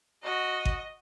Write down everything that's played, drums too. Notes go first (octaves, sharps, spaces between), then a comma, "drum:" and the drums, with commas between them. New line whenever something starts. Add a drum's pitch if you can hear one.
F#4 D#5
drum: kick G#1